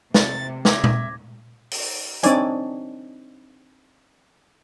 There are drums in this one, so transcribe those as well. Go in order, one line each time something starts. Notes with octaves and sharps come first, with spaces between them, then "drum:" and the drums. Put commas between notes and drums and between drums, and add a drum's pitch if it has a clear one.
C3 A6, drum: snare
E5 D6 G#6 A#6, drum: snare
drum: tom
drum: open hi-hat
C4 D4 D#4 C#5 D5 G#5, drum: hi-hat